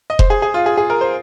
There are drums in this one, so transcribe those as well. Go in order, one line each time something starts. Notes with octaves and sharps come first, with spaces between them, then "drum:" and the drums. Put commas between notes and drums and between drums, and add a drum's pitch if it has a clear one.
D#5
C5, drum: kick F1
G#4
G#4
F4
G#4
G#4
A#4
C5